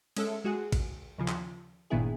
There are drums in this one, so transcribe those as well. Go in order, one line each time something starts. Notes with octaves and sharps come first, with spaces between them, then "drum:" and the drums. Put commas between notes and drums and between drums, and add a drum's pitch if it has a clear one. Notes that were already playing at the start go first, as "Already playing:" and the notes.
G#3 C#4 A4 E5, drum: cymbal
G#3 F#4 G#4 F#5
drum: kick A1, cymbal
D#2 C#3 F3
drum: clap
G1 A#2 D#3 B3 E4 G#4